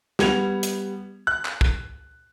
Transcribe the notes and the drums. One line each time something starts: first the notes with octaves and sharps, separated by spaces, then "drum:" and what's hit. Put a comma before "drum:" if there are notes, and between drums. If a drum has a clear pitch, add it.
G3 B3 G#6 F7, drum: snare
drum: hi-hat
F#6
drum: clap
drum: kick